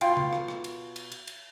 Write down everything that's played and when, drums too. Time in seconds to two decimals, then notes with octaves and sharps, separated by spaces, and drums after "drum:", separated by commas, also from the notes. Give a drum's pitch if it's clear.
0.01 B2 F4 F5 G5, drum: cymbal
0.17 drum: tom C#3
0.33 drum: rim click
0.48 drum: rim click
0.64 drum: cymbal
0.96 drum: cymbal
1.12 drum: cymbal
1.27 drum: cymbal